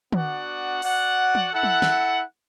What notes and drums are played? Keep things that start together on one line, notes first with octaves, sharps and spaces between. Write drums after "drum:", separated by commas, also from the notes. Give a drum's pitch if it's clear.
B3 D4 F#4 D5 F#5, drum: tom
F#4 D5 F#5, drum: open hi-hat
drum: tom
E4 A4 F#5
drum: tom
drum: snare